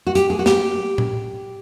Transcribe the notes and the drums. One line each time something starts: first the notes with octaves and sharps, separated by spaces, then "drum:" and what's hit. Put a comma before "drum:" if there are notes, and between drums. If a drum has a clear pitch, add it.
F#4
G4, drum: hi-hat
G#4
F#4
G4, drum: snare
drum: tom A2